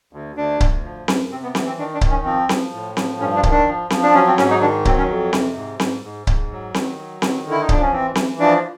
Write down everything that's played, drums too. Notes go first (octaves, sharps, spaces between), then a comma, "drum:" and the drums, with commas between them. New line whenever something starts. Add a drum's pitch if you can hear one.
D2
D2 D4
D2, drum: kick C#1
F3
F#2, drum: snare C4
C3 C4
B3
E3 B3, drum: snare C4
C4
D#3 D4
D4
D#3, drum: kick C#1
C#4
F3 C4
F3, drum: snare C4
A2
F3, drum: snare C4
G2 C#4
D4
D#3, drum: kick C#1
D4
F3
F3, drum: snare C4
D4
F#3 C#4
C4
G#2 C#4, drum: snare C4
D#4
D#3 D4
F#3 C4, drum: kick C#1
C#4
F2
C3, drum: snare C4
G#2
G#2, drum: snare C4
G#2
G#2, drum: kick C#1
F#3
D#3, drum: snare C4
F#3
D#3, drum: snare C4
D3
E4
D#4
F3 D4, drum: kick C#1
C#4
E3 C4
E3, drum: snare C4
F3 D4